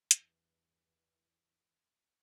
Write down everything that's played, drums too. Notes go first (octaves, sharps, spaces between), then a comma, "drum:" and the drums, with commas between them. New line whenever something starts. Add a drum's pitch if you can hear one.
E2 G2 E3, drum: hi-hat